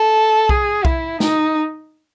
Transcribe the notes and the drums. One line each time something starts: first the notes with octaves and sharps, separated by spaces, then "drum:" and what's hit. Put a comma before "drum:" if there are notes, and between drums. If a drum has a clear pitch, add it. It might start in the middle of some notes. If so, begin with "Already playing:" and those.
Already playing: A4
G#4, drum: kick B1
E4, drum: kick B1
D#4, drum: snare